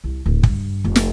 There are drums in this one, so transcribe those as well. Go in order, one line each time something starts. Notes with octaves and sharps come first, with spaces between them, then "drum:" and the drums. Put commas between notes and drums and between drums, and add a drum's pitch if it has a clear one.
C2
D1
G2, drum: kick
F1
drum: snare